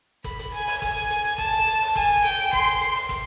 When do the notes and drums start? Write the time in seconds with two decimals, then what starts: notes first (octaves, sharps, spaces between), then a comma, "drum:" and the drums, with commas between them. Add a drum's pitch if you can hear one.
0.24 B5, drum: kick, hi-hat
0.39 drum: hi-hat
0.53 G#5, drum: hi-hat
0.67 drum: open hi-hat
0.82 G#5, drum: kick, hi-hat
0.96 drum: hi-hat
1.10 drum: hi-hat
1.24 drum: hi-hat
1.38 A5, drum: kick, hi-hat
1.53 drum: hi-hat
1.67 drum: hi-hat
1.81 drum: open hi-hat
1.96 G#5, drum: kick, hi-hat
2.10 drum: hi-hat
2.24 G5, drum: hi-hat
2.38 drum: hi-hat
2.53 C6, drum: kick, hi-hat
2.66 drum: hi-hat
2.81 drum: hi-hat
2.95 drum: open hi-hat
3.09 drum: kick, hi-hat